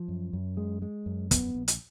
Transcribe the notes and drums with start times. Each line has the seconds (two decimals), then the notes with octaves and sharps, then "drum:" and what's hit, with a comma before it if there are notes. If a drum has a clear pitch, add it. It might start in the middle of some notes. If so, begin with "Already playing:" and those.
Already playing: F3
0.08 F#2
0.33 F#2
0.57 G#3
0.82 G#3
1.06 F#2
1.31 B3, drum: kick, hi-hat
1.55 A#1
1.68 drum: hi-hat